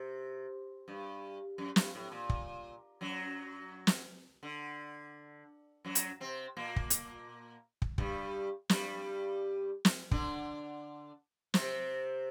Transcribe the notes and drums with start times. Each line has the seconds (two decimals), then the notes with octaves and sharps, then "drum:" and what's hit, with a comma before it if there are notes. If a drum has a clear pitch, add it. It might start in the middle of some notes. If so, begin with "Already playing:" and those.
Already playing: C3
0.88 G2
1.58 F#2
1.76 G2, drum: snare
1.95 A2
2.12 A#2
2.30 drum: kick
3.01 F#2 F#3
3.87 drum: snare
4.43 D3
5.85 F#2 F#3
5.95 drum: hi-hat
6.20 C3 C4
6.57 A#2 A#3
6.76 drum: kick
6.90 drum: hi-hat
7.82 drum: kick
7.98 G2 G3, drum: kick
8.69 G2 G3, drum: snare
9.85 drum: snare
10.11 D3 D4, drum: kick
11.54 C3 C4, drum: snare